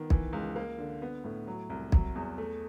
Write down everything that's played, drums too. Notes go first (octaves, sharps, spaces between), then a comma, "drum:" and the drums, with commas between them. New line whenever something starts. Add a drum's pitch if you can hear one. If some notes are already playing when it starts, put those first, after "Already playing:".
Already playing: D#3 B3
E3, drum: kick B1
C#2
A#3
D3
B3
A2
F#3
C2
F#3, drum: kick B1
E2
A3